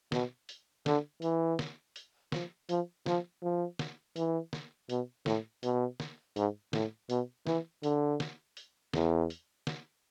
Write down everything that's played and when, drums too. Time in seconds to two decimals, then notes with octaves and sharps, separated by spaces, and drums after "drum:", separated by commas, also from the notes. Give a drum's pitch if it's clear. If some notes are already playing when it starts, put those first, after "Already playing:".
0.12 B2, drum: snare
0.49 drum: hi-hat
0.86 D3, drum: snare
1.22 E3, drum: hi-hat
1.59 drum: snare
1.96 drum: hi-hat
2.32 F3, drum: snare
2.69 F3, drum: hi-hat
3.06 F3, drum: snare
3.42 F3
3.79 drum: snare
4.16 E3, drum: hi-hat
4.53 drum: snare
4.89 B2, drum: hi-hat
5.26 A2, drum: snare
5.63 B2, drum: hi-hat
6.00 drum: snare
6.36 G#2, drum: hi-hat
6.73 A2, drum: snare
7.10 B2, drum: hi-hat
7.47 E3, drum: snare
7.83 D3, drum: hi-hat
8.20 drum: snare
8.57 drum: hi-hat
8.94 E2, drum: snare
9.30 drum: hi-hat
9.67 drum: snare